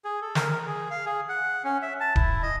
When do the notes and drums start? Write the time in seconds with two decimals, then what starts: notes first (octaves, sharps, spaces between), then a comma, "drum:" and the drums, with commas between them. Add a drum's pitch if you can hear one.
0.05 G#4
0.21 A4
0.35 A#4, drum: snare
0.67 G#4
0.90 F5
1.06 G#4
1.29 F#5
1.64 C#4
1.82 E5
2.00 A5
2.16 E4, drum: kick D1
2.42 D#5